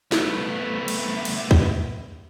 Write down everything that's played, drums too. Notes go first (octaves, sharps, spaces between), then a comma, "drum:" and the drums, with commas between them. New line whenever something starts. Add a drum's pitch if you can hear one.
A3 B3, drum: snare
drum: cymbal
drum: cymbal
drum: kick